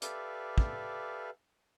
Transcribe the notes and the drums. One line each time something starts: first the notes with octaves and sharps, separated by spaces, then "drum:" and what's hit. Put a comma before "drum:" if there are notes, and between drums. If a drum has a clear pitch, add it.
G4 A4 B4 D5 E5 F5, drum: hi-hat
drum: kick